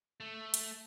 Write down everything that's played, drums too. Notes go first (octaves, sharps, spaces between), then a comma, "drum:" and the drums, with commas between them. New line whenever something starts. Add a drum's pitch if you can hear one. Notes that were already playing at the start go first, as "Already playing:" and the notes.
A3
drum: hi-hat